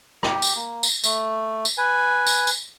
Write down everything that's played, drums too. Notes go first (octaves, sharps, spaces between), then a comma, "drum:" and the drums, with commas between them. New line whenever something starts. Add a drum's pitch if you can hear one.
G4, drum: rim click
drum: tambourine
A#3
drum: tambourine
A3, drum: tambourine
drum: tambourine
B4 G#5
drum: tambourine
drum: tambourine